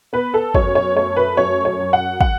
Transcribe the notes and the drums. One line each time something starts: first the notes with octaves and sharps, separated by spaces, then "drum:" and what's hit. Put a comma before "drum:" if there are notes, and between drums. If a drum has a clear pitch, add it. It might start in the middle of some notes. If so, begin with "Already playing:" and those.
B3 B4
A4
F#2 C#5, drum: kick
C#5
A3 C#5
B4
F#2 C#5
C#5
F#3
F#5
F#5, drum: kick